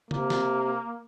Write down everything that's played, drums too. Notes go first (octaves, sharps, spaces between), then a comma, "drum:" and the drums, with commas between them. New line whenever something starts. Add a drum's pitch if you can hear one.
C3 A#3, drum: tom C#3
drum: snare